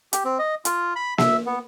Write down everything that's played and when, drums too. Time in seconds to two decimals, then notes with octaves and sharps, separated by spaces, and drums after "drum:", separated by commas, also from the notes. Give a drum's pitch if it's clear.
0.13 G4, drum: hi-hat
0.25 C4
0.39 D#5
0.65 F4, drum: hi-hat
0.96 B5
1.18 E5, drum: snare A#3
1.46 B3